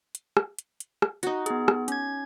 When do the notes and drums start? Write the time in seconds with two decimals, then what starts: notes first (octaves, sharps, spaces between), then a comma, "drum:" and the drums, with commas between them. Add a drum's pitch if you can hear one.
0.15 drum: hi-hat
0.37 drum: rim click
0.59 drum: hi-hat
0.80 drum: hi-hat
1.02 drum: rim click
1.23 D#4 F#4, drum: hi-hat
1.46 B3 G#4, drum: hi-hat
1.68 drum: rim click
1.88 C#4 G#6, drum: hi-hat